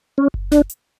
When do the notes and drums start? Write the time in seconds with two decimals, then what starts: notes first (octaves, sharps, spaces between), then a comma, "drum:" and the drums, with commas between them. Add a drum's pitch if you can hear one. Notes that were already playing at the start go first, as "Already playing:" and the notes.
0.18 C#4
0.34 drum: kick F#1
0.52 D4, drum: snare
0.70 drum: hi-hat